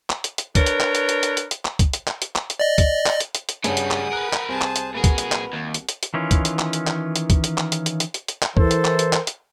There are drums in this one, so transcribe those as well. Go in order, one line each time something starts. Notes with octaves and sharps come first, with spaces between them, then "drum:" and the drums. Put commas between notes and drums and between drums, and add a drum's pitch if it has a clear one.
drum: clap
drum: hi-hat
drum: hi-hat
D4 A#4 B4 C#5, drum: kick, hi-hat
drum: hi-hat
drum: clap
drum: hi-hat
drum: hi-hat
drum: hi-hat
drum: hi-hat
drum: hi-hat
drum: clap
drum: kick, hi-hat
drum: hi-hat
drum: clap
drum: hi-hat
drum: clap
drum: hi-hat
D5 D#5
drum: kick, hi-hat
drum: clap
drum: hi-hat
drum: hi-hat
drum: hi-hat
G2 C#3 G3 C#4 G#4 F#5 D#6, drum: hi-hat
drum: hi-hat
drum: clap
A#4 B4 F#6
drum: clap
C2 G#4 C5 A5
drum: clap
drum: hi-hat
A#2 F#4 G#4 A#4 B4
drum: kick, hi-hat
drum: hi-hat
drum: clap
D#2
drum: hi-hat
drum: hi-hat
drum: hi-hat
D#3 E3 C#4 F4
drum: kick, hi-hat
drum: hi-hat
drum: clap
drum: hi-hat
drum: clap
drum: hi-hat
drum: kick, hi-hat
drum: hi-hat
drum: clap
drum: hi-hat
drum: hi-hat
drum: hi-hat
drum: hi-hat
drum: hi-hat
drum: clap
E3 A4 A#4 C5, drum: kick
drum: hi-hat
drum: clap
drum: hi-hat
drum: clap
drum: hi-hat